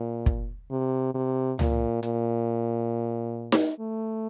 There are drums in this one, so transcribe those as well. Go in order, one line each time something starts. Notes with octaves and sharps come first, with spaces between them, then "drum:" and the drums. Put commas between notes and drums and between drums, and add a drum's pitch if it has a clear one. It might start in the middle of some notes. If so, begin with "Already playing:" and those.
Already playing: A#2
drum: kick
C3
C3
A#2, drum: tom C#2
A#2, drum: hi-hat
drum: snare D#4
A3